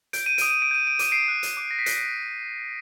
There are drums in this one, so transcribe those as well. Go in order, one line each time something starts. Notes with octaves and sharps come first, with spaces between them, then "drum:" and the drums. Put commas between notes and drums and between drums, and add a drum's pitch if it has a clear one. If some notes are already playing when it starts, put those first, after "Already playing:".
G6 D7, drum: hi-hat
D#7
D#6 D7, drum: hi-hat
D#7
D7
G6 D#7
D7
D6 D#7, drum: hi-hat
C7 D7
F#6
drum: hi-hat
D6
A#6
B6
F#6 C7, drum: hi-hat
F#6
F#6